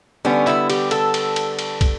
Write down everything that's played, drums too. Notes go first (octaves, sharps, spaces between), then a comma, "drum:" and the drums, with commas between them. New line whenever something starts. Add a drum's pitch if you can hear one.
D3 G3 B3 C#4
E4, drum: clap
G4, drum: cymbal
A4, drum: cymbal
drum: cymbal
drum: cymbal
drum: cymbal
drum: kick, cymbal